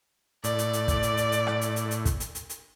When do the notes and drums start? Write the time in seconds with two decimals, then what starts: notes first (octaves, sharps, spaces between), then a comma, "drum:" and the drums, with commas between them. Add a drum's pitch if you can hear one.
0.44 A2 D5, drum: hi-hat
0.59 drum: hi-hat
0.73 drum: hi-hat
0.88 drum: kick, hi-hat
1.03 drum: hi-hat
1.17 drum: hi-hat
1.32 drum: hi-hat
1.47 drum: rim click
1.61 drum: hi-hat
1.76 drum: hi-hat
1.91 drum: hi-hat
2.05 drum: kick, hi-hat
2.20 drum: hi-hat
2.35 drum: hi-hat
2.49 drum: hi-hat